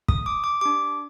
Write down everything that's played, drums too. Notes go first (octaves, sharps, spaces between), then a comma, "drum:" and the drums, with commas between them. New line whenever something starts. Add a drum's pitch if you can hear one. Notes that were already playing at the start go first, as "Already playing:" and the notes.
D#6, drum: kick
D6
D6
D4 G4 D6